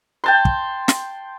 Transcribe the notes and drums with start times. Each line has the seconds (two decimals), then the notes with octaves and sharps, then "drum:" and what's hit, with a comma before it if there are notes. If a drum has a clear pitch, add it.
0.24 G5 A5 C6
0.45 drum: kick
0.88 drum: snare